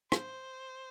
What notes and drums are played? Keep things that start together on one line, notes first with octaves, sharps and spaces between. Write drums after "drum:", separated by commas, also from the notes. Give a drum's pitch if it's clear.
C5, drum: rim click